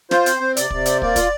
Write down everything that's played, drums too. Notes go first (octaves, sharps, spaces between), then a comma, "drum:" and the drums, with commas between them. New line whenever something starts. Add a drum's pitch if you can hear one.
F4 C5, drum: snare
C4, drum: hi-hat
C4
C3 D5, drum: hi-hat
C3, drum: kick
C4, drum: hi-hat
A#3 D5, drum: kick
F4, drum: kick, hi-hat